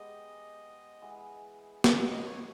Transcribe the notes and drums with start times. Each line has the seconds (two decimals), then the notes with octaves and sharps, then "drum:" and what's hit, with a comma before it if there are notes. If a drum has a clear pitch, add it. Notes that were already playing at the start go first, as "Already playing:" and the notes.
Already playing: G#3 B3 G4 D#5
1.02 E3 G#3 B3
1.84 E5, drum: snare
2.11 D#5
2.25 C#5